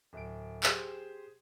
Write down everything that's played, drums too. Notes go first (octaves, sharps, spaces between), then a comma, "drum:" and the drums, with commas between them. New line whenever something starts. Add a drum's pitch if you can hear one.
D1 D7
G4 G#4 C5, drum: clap